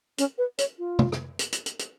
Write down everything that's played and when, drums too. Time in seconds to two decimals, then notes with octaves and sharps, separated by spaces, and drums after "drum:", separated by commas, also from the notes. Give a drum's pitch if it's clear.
0.18 C#4, drum: hi-hat
0.38 B4
0.58 C#5, drum: hi-hat
0.78 F4
0.99 drum: tom
1.12 drum: rim click
1.39 drum: hi-hat
1.52 drum: hi-hat
1.66 drum: hi-hat
1.79 drum: hi-hat